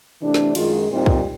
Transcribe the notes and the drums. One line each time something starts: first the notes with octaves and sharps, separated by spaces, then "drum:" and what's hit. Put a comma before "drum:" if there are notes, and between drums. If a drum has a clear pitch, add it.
C3 E3 A3 D4
drum: snare
F#2 D#3 G#3 F4, drum: cymbal
A#2 G3 C4 D#4
drum: kick